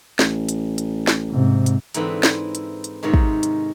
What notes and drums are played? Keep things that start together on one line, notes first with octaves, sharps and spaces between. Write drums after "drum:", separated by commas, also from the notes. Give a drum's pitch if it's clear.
A1, drum: snare
drum: hi-hat
drum: hi-hat
drum: snare
G#2 C3
drum: hi-hat
G#2 D3 E3 C4 B5, drum: hi-hat
E4, drum: snare
drum: hi-hat
drum: hi-hat
G#2 C3 D#3 G#3 C#4
drum: kick
drum: hi-hat